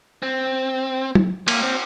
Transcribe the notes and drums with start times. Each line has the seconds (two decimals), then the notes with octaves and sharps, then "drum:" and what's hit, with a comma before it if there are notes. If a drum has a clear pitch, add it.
0.23 C4
1.15 drum: tom F#3
1.48 A#3, drum: cymbal
1.63 C4